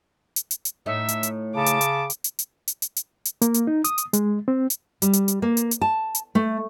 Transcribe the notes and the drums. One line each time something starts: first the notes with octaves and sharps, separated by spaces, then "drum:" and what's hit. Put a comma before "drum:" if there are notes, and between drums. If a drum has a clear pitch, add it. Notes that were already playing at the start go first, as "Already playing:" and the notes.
drum: hi-hat
drum: hi-hat
drum: hi-hat
A2 A3 D#4 E5
drum: hi-hat
drum: hi-hat
C#3 A5 D6
drum: hi-hat
drum: hi-hat
drum: hi-hat
drum: hi-hat
drum: hi-hat
drum: hi-hat
drum: hi-hat
drum: hi-hat
drum: hi-hat
A#3, drum: hi-hat
drum: hi-hat
D#4
D#6, drum: hi-hat
drum: hi-hat
G#3, drum: hi-hat
C4
drum: hi-hat
G3, drum: hi-hat
drum: hi-hat
drum: hi-hat
A#3
drum: hi-hat
drum: hi-hat
A5
drum: hi-hat
A3